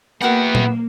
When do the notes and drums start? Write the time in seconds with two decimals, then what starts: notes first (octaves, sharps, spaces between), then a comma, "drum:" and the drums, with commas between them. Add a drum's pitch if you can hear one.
0.21 A#3 B3 E4 F#4 A#4 F#5 G5
0.55 drum: tom A#2